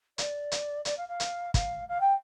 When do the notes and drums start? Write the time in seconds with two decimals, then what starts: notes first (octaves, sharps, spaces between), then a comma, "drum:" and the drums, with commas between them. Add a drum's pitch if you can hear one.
0.18 D5, drum: hi-hat
0.51 drum: hi-hat
0.85 D5, drum: hi-hat
0.97 F5
1.08 F5
1.20 drum: hi-hat
1.54 F5, drum: kick, hi-hat
1.88 F5
2.00 G5